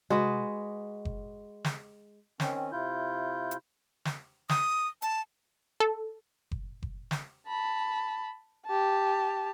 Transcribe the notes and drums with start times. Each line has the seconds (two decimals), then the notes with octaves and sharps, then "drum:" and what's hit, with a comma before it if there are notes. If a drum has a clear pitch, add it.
0.10 G#3 F#4 B4 D#5, drum: tom C3
1.05 drum: kick F#1
1.65 drum: snare
2.40 D#3 C4 C#4, drum: snare
2.72 C3 E4 F4 G6
3.51 drum: hi-hat
4.05 drum: snare
4.49 D#6, drum: snare
5.02 A5, drum: hi-hat
5.80 A4
6.51 drum: kick F#1
6.83 drum: kick F#1
7.11 drum: snare
7.47 A5 B5
8.67 G4 A5